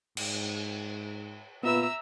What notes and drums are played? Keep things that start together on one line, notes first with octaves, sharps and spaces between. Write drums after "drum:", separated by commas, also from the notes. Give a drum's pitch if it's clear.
G#2, drum: cymbal
A#2 B3 F4 B4 E5 A#5 E6